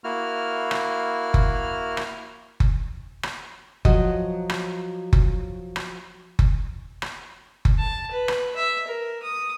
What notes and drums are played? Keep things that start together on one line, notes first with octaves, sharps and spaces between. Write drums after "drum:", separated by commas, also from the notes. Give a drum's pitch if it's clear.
A#3 E4 F#4 F6
drum: rim click
drum: kick F#1
drum: rim click
drum: kick F#1
drum: rim click
F3 F#3 F#4 D#5, drum: kick F#1
drum: rim click
drum: kick F#1
drum: rim click
drum: kick F#1
drum: rim click
drum: kick F#1
A5
B4
drum: rim click
E5
A#4
D#6